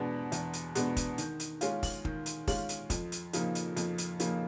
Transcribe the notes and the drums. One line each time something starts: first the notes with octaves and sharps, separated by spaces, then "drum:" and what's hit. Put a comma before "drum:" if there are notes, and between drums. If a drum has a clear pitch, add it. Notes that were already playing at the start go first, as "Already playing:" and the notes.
Already playing: E2 B2 G#3 B3 D4
E2, drum: hi-hat
drum: hi-hat
B2 G#3 B3 D4, drum: hi-hat
drum: kick, hi-hat
D#3, drum: hi-hat
drum: hi-hat
G#3 C#4 F4, drum: hi-hat
drum: kick, open hi-hat
D#3, drum: kick
drum: hi-hat
G#3 C#4 F4, drum: kick, open hi-hat
drum: hi-hat
F2, drum: kick, hi-hat
drum: hi-hat
C#3 F3 A#3 D#4, drum: hi-hat
drum: hi-hat
F2, drum: hi-hat
drum: hi-hat
C#3 F3 A#3 D#4, drum: hi-hat